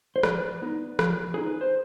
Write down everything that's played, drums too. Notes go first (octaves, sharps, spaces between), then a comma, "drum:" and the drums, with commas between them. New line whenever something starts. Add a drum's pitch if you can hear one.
C5
F3 B4 D5, drum: rim click
B3 D#4
F3, drum: rim click
B3 D#4 G#4
B4
C5